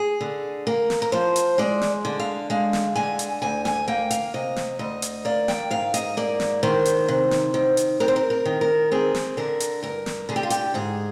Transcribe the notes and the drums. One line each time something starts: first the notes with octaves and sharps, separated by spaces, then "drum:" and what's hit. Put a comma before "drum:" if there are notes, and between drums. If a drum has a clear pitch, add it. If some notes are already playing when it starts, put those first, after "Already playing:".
Already playing: G#4
D3
A#3 A#4
drum: snare
A#4
F3 C5
drum: hi-hat
G#3 D5
drum: snare
D3
F5
G#3 F5
drum: snare
D3 G#5
drum: hi-hat
D2 G#5
G#5, drum: snare
A#3 G5
F5, drum: hi-hat
C3 D#5
drum: snare
D2 D#5
drum: hi-hat
A#3 D5
G5, drum: snare
G#2 F5
D#5, drum: hi-hat
A#3 D5
drum: snare
D#3 C5
drum: hi-hat
C3
drum: snare
D#3
drum: hi-hat
C4 A#4
C5
A#4
A#4
D#3
A#4
C4 G#4
drum: snare
D3 A#4
drum: hi-hat
G2 A#4
drum: snare
D3 G#4
G4
F4
G4, drum: hi-hat
G#2 G#4